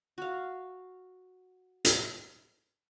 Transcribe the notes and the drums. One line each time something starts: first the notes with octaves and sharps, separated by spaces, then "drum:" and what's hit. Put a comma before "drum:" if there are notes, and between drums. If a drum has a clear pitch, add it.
F#4 F5
drum: hi-hat